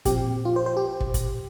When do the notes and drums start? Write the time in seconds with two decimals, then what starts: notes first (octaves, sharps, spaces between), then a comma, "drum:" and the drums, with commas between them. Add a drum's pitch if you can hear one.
0.05 A#2 F3 C4 G4, drum: kick, hi-hat
0.45 F4
0.56 C5
0.66 C5
0.77 G4
1.00 drum: kick
1.14 drum: kick, hi-hat